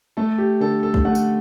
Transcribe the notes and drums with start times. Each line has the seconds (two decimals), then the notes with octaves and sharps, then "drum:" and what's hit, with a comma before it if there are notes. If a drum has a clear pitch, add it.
0.17 A3 A4
0.38 G4
0.60 D3 A4
0.83 A4
0.94 drum: kick
1.05 A3 F#5
1.15 drum: tambourine